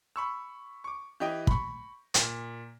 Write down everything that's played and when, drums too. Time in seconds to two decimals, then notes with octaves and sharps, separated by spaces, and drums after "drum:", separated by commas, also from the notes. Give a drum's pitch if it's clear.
0.16 B5 C#6 E6
0.84 C#6 D6
1.20 E3 G4 D#5 G5
1.47 B5 C#6, drum: kick
2.14 A#2, drum: hi-hat